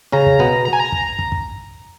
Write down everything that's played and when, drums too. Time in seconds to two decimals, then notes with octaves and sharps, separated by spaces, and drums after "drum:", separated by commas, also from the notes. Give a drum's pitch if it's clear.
0.12 C#3 C#4 A#5
0.26 drum: kick
0.39 B2 B3
0.65 A#5
0.73 G#5
0.80 A#5
0.92 drum: kick
1.19 drum: kick
1.32 drum: kick